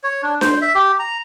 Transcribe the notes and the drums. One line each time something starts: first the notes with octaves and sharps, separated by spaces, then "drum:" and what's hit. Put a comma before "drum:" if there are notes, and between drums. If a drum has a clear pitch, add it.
C#5
D4
C5, drum: snare D4
E5
G4
A#5